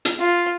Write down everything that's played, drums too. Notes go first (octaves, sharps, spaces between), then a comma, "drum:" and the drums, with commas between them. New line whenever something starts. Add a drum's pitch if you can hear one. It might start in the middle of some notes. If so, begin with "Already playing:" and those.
drum: hi-hat
F4